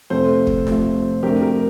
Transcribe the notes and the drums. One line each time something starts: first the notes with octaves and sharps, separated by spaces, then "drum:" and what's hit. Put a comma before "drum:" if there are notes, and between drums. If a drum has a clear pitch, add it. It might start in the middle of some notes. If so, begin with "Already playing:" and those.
F2 C3 F3 A3 C4 A4 C5
drum: kick
F2 C3 F3 A3 C4, drum: snare F4
F2 D3 A3 C4 G4 A#4
G4 A#4